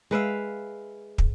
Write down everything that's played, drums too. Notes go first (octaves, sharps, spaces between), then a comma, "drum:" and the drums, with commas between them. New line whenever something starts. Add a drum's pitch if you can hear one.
G#3 B4 E5 F5
drum: kick